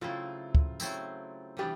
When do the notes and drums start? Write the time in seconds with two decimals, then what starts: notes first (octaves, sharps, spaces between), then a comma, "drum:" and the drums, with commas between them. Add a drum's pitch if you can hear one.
0.01 C#3 F#3 A3 C4 E4 F4
0.55 drum: kick
0.80 C#3 F#3 A3 C4 E4, drum: tambourine
1.57 C3 E3 G3 B3 D4 G4